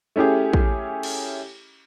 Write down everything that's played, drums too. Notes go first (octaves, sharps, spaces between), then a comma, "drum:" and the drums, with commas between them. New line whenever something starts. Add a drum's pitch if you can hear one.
A3 C#4 E4 G4 G#4
drum: kick
drum: cymbal